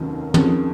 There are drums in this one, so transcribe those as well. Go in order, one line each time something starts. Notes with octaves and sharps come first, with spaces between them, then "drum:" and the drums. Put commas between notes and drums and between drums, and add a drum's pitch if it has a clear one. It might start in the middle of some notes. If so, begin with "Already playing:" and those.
Already playing: F1 D#2 D#3 F#3 C#4
F2 D#3 G#3 C#4, drum: tom